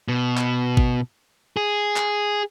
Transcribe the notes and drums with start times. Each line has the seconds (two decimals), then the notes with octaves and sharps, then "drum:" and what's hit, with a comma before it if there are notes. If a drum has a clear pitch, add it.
0.08 B2
0.38 drum: clap
0.77 drum: kick G#1
1.57 G#4
1.96 drum: clap